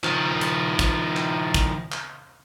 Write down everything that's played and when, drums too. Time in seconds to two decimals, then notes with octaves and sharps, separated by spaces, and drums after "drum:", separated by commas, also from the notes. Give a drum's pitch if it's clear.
0.04 D#3 F3, drum: clap
0.41 drum: hi-hat
0.79 drum: kick, hi-hat
1.17 drum: clap
1.54 drum: kick, hi-hat
1.92 drum: clap